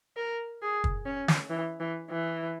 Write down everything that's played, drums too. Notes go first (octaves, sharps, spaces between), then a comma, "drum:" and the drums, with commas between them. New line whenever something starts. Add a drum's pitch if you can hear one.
A#4
G#4
drum: kick
C#4
drum: snare
E3
E3
E3